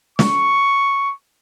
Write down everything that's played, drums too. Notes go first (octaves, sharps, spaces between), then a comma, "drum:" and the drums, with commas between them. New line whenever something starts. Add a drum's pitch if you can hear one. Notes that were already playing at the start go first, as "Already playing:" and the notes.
C#6, drum: snare